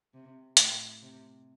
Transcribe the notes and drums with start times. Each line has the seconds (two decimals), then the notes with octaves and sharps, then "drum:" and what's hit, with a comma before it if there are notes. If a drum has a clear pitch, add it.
0.14 C3
0.57 A2, drum: hi-hat
1.02 C3